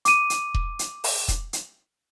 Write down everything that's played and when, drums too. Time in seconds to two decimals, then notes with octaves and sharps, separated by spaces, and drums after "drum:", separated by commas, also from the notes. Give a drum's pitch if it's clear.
0.05 D6 D#7, drum: hi-hat
0.30 drum: hi-hat
0.54 drum: kick E1
0.79 drum: hi-hat
1.04 drum: open hi-hat
1.28 drum: kick E1, hi-hat
1.53 drum: hi-hat